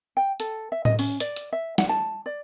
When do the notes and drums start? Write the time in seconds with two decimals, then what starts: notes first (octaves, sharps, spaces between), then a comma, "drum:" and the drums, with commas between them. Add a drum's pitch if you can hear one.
0.17 G5
0.40 A4, drum: hi-hat
0.72 E5
0.85 D#5, drum: tom A2
0.99 C#4, drum: open hi-hat
1.20 D5, drum: hi-hat
1.36 drum: hi-hat
1.53 E5
1.78 F#5, drum: snare
1.89 A5
2.26 D5